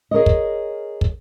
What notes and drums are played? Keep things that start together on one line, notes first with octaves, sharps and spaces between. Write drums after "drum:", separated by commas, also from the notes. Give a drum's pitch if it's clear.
G#4 A#4 C#5 D#5
drum: kick
drum: kick